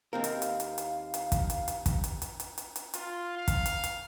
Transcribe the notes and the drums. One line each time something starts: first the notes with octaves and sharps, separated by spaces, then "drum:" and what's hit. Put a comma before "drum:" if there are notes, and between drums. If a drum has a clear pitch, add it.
D#2 C4 A#4 F5
drum: hi-hat
drum: hi-hat
drum: hi-hat
drum: hi-hat
drum: hi-hat
drum: kick, hi-hat
drum: hi-hat
drum: hi-hat
drum: kick, hi-hat
drum: hi-hat
drum: hi-hat
drum: hi-hat
drum: hi-hat
drum: hi-hat
F4, drum: hi-hat
F5
drum: kick, hi-hat
drum: hi-hat
drum: hi-hat